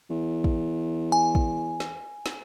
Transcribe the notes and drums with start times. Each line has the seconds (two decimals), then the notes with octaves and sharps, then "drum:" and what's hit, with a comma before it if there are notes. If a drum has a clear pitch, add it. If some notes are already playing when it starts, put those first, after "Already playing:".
0.10 E2
0.44 drum: kick
1.12 G#5
1.35 drum: kick
1.80 drum: snare
2.26 drum: snare